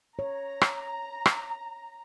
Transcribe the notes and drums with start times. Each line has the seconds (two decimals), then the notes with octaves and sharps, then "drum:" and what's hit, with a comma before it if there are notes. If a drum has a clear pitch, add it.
0.19 C#5 A#5
0.61 drum: rim click
1.26 drum: rim click